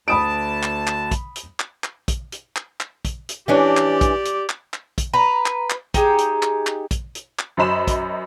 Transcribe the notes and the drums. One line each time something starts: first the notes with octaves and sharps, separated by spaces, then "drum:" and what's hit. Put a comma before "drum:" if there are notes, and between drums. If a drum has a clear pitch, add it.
D2 A5 B5 D#6 D7
drum: clap
drum: clap
drum: kick, hi-hat
drum: hi-hat
drum: clap
drum: clap
drum: kick, hi-hat
drum: hi-hat
drum: clap
drum: clap
drum: kick, hi-hat
drum: hi-hat
E3 C#4 D4 G4 D5
drum: clap
drum: kick, hi-hat
drum: hi-hat
drum: clap
drum: clap
drum: kick, hi-hat
B4 A#5
drum: clap
drum: clap
D#4 G4 G#4, drum: kick, hi-hat
drum: hi-hat
drum: clap
drum: clap
drum: kick, hi-hat
drum: hi-hat
drum: clap
F#2 C5 D#5 B5 E7
drum: kick, hi-hat